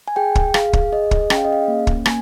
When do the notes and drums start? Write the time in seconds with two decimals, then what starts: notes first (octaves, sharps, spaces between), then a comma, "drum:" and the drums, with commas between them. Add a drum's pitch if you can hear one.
0.08 G#5
0.16 G#4 G5
0.35 drum: kick
0.54 G#4 F5, drum: rim click
0.73 drum: kick
0.92 G#4 D#5
1.11 drum: kick
1.30 C#4 G5, drum: rim click
1.37 F5
1.45 D#5
1.53 F5
1.68 A#3
1.87 drum: kick
2.06 A#3 G#5, drum: rim click